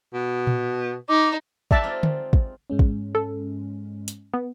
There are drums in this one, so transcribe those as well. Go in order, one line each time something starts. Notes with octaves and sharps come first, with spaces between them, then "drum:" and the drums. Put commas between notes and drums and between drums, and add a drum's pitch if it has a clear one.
B2
drum: tom A#2
D#4 D6
D#4 G4 D5 E5 F#5 A5, drum: kick
G#3 C4 F4
drum: tom D3
drum: kick
G#2 G#3 C#4
drum: kick
A4
drum: hi-hat
B3